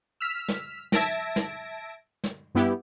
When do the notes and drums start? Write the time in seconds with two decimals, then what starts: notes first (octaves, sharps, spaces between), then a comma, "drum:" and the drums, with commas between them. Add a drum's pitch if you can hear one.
0.21 E6 F6 B6
0.48 drum: snare
0.92 E5 A5 G#6 A#6 D7, drum: snare
1.36 drum: snare
2.24 drum: snare
2.55 G2 B3 E4 G4